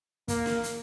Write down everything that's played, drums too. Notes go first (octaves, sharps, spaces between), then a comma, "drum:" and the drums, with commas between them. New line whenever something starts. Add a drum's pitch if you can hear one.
A#3, drum: kick, hi-hat
drum: snare
drum: hi-hat